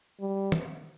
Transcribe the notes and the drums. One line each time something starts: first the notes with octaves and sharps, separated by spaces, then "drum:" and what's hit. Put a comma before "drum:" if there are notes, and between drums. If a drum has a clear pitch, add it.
G3
drum: tom